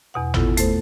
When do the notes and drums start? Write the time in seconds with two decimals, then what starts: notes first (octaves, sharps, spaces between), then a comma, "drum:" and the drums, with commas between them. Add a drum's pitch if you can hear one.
0.14 E2 B2 F#5
0.34 B3 E4 F4 A4, drum: tom
0.57 A3 A4 C5, drum: hi-hat